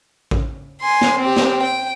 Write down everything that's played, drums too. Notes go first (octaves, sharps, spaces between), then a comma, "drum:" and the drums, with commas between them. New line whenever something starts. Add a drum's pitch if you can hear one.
drum: kick A1
G#5 C6
drum: snare
C4 G4
drum: snare
G5